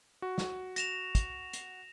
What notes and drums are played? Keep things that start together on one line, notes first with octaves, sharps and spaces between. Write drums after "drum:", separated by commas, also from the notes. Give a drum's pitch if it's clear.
F#4
drum: snare
A#6 E7 F7, drum: hi-hat
drum: kick, hi-hat
drum: hi-hat